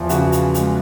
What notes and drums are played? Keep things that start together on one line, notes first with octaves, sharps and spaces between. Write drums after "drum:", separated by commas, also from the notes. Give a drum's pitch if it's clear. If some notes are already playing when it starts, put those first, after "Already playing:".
Already playing: E2 F3 E4 F4
C#3 F#4, drum: hi-hat
drum: hi-hat
G#3, drum: hi-hat